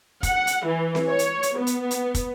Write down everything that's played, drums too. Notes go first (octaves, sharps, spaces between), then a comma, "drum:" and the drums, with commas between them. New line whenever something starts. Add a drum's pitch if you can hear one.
F#5, drum: kick, hi-hat
drum: hi-hat
E3
drum: snare C4
C#5
drum: hi-hat
drum: hi-hat
B3
drum: hi-hat
drum: hi-hat
drum: kick, hi-hat